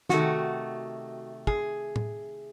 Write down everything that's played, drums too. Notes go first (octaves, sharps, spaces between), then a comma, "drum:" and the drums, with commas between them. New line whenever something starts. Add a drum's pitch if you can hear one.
C3 D#3 A3 F#4, drum: snare
G#4, drum: kick
drum: tom A2